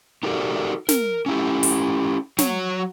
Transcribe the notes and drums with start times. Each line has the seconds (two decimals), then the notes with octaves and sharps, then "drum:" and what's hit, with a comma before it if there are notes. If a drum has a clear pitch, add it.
0.23 D#4 F#4 G4 A4 A#4 D5
0.89 A#4, drum: snare
1.26 C#4 E4 G4
1.63 drum: open hi-hat
2.38 F#3 C#5, drum: snare